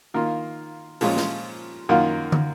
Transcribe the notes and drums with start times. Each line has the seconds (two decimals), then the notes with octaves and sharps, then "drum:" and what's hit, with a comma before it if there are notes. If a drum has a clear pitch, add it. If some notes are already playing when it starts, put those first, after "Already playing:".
0.14 D#3 A#3 F4
1.01 A#2 F3 G#3 C#4 F4, drum: open hi-hat
1.17 drum: snare
1.89 F#2 D#3 A#3 F4
2.32 drum: tom